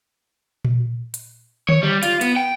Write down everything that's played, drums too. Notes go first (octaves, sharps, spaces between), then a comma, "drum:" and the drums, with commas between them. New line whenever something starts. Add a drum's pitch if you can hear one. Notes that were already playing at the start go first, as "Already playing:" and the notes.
drum: tom A#2
drum: hi-hat
C#5, drum: tom D3
G3
F4, drum: hi-hat
B3, drum: hi-hat
G5